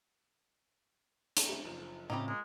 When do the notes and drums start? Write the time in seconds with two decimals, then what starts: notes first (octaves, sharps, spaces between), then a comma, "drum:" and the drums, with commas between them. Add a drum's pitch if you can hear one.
1.37 drum: hi-hat
1.49 G3 A3 C4
1.65 F#1 F3
2.10 A2 C#3 C4 D#4 F4 G4 A#5 B5
2.28 G#3 A#3